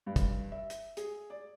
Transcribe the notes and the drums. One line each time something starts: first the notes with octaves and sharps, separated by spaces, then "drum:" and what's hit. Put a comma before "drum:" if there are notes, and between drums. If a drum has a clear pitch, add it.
G2
drum: kick, hi-hat
E5
drum: hi-hat
G#4, drum: hi-hat
D5